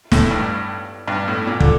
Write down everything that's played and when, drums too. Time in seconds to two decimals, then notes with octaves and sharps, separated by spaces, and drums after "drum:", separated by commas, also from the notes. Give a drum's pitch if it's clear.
0.12 A2, drum: snare
0.31 G2
1.08 G2
1.28 A2
1.47 A#2
1.60 D3, drum: kick